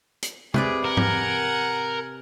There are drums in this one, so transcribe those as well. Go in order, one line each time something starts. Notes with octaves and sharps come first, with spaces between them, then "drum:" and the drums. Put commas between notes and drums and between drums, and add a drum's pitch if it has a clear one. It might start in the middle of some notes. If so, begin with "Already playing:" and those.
drum: hi-hat
C3 G#4 B4 D5, drum: tom C3
A#4 F#5 G#5
drum: tom G#2